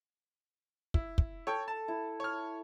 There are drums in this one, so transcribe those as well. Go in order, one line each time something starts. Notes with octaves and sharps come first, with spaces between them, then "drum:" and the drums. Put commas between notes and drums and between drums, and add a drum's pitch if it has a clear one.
E4, drum: kick
drum: kick
A4 C#5 G5
A5
E4
C#5 F6